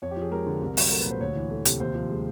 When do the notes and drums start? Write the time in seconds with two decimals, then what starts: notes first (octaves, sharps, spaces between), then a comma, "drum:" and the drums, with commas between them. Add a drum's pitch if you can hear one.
0.02 F2 C#5
0.11 G4
0.17 F3
0.22 G#4
0.31 G#3 A#4
0.46 D3
0.62 C2
0.77 F#3, drum: open hi-hat
0.91 A3 A#4
1.01 B4
1.06 A#2 C5
1.21 D2 C#5
1.35 E3
1.50 A3
1.65 C3, drum: hi-hat
1.80 D#2 C5
1.95 F3
2.10 G#3